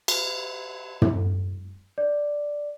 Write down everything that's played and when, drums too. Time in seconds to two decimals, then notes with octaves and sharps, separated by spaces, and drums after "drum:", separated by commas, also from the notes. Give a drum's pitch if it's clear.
0.08 drum: cymbal
1.02 drum: tom
1.98 D5